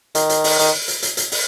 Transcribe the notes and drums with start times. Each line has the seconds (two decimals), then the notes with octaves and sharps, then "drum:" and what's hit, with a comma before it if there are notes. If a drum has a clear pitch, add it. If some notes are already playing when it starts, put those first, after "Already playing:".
0.15 D#3, drum: hi-hat
0.29 drum: hi-hat
0.44 drum: open hi-hat
0.59 D#3, drum: hi-hat
0.88 drum: hi-hat
1.02 drum: hi-hat
1.17 drum: hi-hat
1.32 drum: open hi-hat